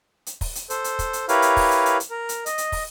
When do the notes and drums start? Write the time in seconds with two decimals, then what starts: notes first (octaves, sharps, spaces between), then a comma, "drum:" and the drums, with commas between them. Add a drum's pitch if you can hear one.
0.26 drum: hi-hat
0.41 drum: kick, open hi-hat
0.55 drum: hi-hat
0.70 A4 C5, drum: hi-hat
0.84 drum: hi-hat
0.99 drum: kick, hi-hat
1.13 drum: hi-hat
1.29 E4 G4 A#4 B4 C#5 F5, drum: hi-hat
1.42 drum: hi-hat
1.57 drum: kick, open hi-hat
1.71 drum: hi-hat
1.86 drum: hi-hat
2.00 drum: hi-hat
2.10 A#4
2.29 drum: hi-hat
2.46 D#5, drum: hi-hat
2.58 drum: hi-hat
2.72 drum: kick, open hi-hat